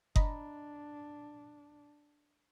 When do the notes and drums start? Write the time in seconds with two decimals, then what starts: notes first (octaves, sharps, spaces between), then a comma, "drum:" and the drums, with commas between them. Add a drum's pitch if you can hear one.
0.16 D4 D#5 A#5 B5, drum: kick F#1